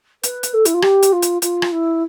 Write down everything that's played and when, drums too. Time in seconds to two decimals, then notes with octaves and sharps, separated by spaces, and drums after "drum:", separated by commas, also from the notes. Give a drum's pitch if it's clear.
0.24 B4, drum: hi-hat
0.43 drum: hi-hat
0.53 A4
0.65 E4, drum: hi-hat
0.74 F4
0.82 G4, drum: rim click
1.03 drum: hi-hat
1.12 F4
1.22 drum: hi-hat
1.42 F4, drum: hi-hat
1.62 drum: rim click
1.72 E4